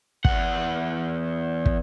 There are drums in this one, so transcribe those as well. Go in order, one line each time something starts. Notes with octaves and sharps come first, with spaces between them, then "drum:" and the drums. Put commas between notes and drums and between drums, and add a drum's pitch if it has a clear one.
E2 F#5, drum: kick
drum: kick